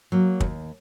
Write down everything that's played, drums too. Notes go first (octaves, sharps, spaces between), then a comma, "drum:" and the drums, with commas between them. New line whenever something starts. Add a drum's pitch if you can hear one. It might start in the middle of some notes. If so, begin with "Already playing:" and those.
F#3 A#3
D#2, drum: kick